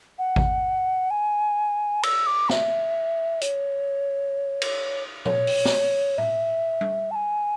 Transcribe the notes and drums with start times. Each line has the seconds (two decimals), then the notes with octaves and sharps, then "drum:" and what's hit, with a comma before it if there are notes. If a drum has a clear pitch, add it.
0.19 F#5
0.36 drum: kick G#1
1.10 G#5
2.03 E6, drum: cymbal
2.26 D6
2.49 E5, drum: snare
3.41 C#5, drum: hi-hat
4.62 drum: cymbal
5.25 C#5, drum: tom A#2
5.47 drum: open hi-hat
5.65 drum: snare
6.18 E5, drum: tom A2
6.81 drum: tom G3
7.11 A5
7.15 G#5